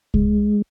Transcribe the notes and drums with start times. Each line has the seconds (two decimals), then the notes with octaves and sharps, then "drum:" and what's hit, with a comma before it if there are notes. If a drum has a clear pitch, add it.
0.14 G#3, drum: kick C2